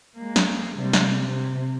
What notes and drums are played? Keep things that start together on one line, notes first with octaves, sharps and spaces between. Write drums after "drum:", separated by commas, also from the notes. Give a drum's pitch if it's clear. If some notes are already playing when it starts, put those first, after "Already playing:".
G#3 A#3
drum: snare
C3 G3
drum: snare
C3